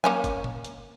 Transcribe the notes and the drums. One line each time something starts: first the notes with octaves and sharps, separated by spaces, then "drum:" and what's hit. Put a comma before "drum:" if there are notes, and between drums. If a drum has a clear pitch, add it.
A#3 C#4 G#5, drum: tom
drum: kick G1, hi-hat
drum: tom A#2
drum: hi-hat